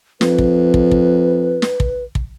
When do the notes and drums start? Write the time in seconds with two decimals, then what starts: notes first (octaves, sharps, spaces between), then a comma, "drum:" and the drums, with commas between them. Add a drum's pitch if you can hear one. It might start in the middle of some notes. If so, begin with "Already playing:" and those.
0.21 F2 B4, drum: snare
0.38 drum: kick
0.74 drum: kick
0.91 drum: kick
1.62 drum: snare
1.80 drum: kick
2.15 drum: kick